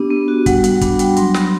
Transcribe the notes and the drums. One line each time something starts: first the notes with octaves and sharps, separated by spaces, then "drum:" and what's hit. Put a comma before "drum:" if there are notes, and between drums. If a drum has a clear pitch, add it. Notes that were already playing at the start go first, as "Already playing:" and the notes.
Already playing: B3 D4 G4
B3
F#4
G3 F#5, drum: kick, hi-hat
G3 F#5, drum: hi-hat
D4 B5, drum: kick, hi-hat
G3 G5, drum: hi-hat
F#3 C6, drum: hi-hat
F#3 B5, drum: snare